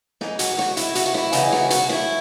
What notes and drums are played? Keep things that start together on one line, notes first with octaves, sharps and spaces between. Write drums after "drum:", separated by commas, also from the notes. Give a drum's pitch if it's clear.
F#2 E3 D#4, drum: snare
F#4, drum: hi-hat
F#4, drum: snare
E4, drum: hi-hat
F#4, drum: hi-hat
F#4
E4, drum: snare
F#2 C#3 E3 D#4, drum: hi-hat
F#4, drum: snare
F#4, drum: hi-hat
E4, drum: snare